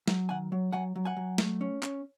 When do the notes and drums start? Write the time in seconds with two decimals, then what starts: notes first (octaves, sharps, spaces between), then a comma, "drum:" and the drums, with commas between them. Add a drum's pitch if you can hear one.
0.08 F#3, drum: snare
0.29 D#3 F#5 G#5
0.52 F#3
0.72 F#3 F#5 G#5
0.96 F#3
1.05 F#5 G#5
1.17 F#3
1.38 A3, drum: snare
1.61 C#4
1.83 C#4, drum: clap